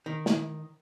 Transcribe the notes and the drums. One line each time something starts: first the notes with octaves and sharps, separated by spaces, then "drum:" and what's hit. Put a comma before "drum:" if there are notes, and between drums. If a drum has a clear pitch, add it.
D#3
drum: snare